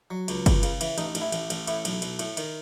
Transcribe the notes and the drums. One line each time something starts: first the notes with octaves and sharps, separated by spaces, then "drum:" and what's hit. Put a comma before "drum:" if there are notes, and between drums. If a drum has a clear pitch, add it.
F#3
C#2, drum: cymbal
C#2, drum: kick, cymbal
C#3, drum: cymbal
E3, drum: cymbal
A1 D#4, drum: cymbal
A1, drum: cymbal
E4
A1, drum: cymbal
A1, drum: cymbal
A2 E4, drum: cymbal
B1, drum: cymbal
B1, drum: cymbal
A2, drum: cymbal
D#3, drum: cymbal